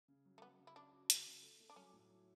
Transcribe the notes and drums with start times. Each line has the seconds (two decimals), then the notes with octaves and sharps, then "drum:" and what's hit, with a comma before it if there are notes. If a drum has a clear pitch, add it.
0.08 C#3
0.26 F#3
0.38 A3
0.41 F#3 B3
0.59 C#3
0.67 E4
0.76 C#4 D4
0.93 F#4
1.10 C#3, drum: hi-hat
1.26 C#3
1.43 A3
1.60 A3
1.70 D4
1.76 F#3 C#4
1.93 A2
2.10 F#3